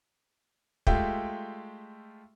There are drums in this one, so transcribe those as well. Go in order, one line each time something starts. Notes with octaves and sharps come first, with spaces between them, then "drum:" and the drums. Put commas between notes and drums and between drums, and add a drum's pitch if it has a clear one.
G#3 A3 F4 G4 E5 G5, drum: kick